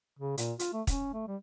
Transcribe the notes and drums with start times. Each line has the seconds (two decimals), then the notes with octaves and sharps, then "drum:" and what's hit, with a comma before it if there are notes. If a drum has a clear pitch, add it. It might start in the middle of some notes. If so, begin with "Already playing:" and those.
0.19 C#3
0.38 A#2, drum: hi-hat
0.59 F4, drum: hi-hat
0.73 A3
0.87 C#4, drum: kick, hi-hat
1.13 A3
1.28 G3